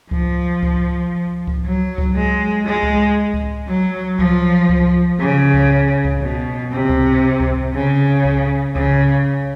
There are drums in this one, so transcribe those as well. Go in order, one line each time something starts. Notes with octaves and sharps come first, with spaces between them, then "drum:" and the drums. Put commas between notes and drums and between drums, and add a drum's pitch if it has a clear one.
F3, drum: kick C#2
drum: kick C#2
drum: kick C#2
F#3
drum: kick C#2
G#3
G#3
drum: kick C#2
drum: kick C#2
F#3
F3, drum: kick C#2
drum: kick C#2
C#3
drum: kick C#2
drum: kick C#2
B2
C3
drum: kick C#2
drum: kick C#2
C#3
drum: kick C#2
C#3, drum: kick C#2